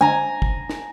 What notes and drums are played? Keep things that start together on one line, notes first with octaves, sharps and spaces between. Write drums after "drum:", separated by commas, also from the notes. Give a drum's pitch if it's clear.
G#5 A#5
drum: kick
drum: snare